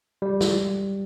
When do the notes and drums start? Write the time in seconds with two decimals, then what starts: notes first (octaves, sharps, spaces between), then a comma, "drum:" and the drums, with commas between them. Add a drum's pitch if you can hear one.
0.22 G3
0.41 drum: snare